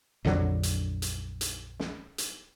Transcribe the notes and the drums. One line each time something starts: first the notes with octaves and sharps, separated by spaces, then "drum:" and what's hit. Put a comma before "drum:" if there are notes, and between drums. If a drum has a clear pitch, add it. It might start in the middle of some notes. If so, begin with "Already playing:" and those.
A#1 F2 D3 F#3, drum: snare
drum: hi-hat
drum: hi-hat
drum: hi-hat
drum: snare
drum: hi-hat